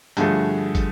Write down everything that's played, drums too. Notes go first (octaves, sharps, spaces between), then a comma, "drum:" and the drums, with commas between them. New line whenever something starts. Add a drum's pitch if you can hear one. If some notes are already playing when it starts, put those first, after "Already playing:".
G2 D3 F3 A3 G#4, drum: hi-hat
drum: kick, hi-hat